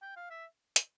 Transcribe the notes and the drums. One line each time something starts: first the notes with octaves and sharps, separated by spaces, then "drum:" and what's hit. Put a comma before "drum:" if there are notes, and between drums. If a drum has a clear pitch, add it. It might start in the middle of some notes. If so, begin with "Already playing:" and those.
G5
F5
E5
drum: hi-hat